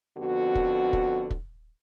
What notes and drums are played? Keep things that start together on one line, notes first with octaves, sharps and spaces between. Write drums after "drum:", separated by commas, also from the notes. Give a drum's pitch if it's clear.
F2 D3 B3 F#4
drum: kick
drum: kick
drum: kick